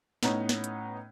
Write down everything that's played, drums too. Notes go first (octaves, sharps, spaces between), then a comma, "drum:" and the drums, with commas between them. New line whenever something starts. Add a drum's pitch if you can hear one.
A2 B3 C#4 D#4, drum: snare
drum: snare
drum: hi-hat